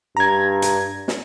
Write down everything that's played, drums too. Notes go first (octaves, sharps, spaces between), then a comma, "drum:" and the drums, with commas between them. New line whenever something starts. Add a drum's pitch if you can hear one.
G2 A#5 G#6
drum: hi-hat
drum: snare